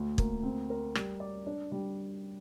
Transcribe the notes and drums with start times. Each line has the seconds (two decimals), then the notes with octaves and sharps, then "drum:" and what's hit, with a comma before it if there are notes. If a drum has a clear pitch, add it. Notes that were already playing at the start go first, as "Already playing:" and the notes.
Already playing: D2
0.18 A#3, drum: kick
0.43 C4
0.70 A#4
0.95 G3, drum: rim click
1.20 D5
1.46 D4
1.72 G3